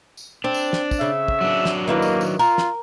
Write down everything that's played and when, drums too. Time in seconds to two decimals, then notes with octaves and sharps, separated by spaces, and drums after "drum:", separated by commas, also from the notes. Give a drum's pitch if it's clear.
0.17 drum: tambourine
0.44 C4 D4
0.54 drum: tambourine
0.73 drum: snare
0.91 drum: kick, tambourine
1.01 C#3 E5
1.28 drum: kick
1.41 F#3 D4
1.65 drum: snare
1.87 D#3 A#3 E4 B4
2.02 drum: tambourine
2.21 drum: tambourine
2.39 F4 A#4, drum: tambourine
2.58 drum: snare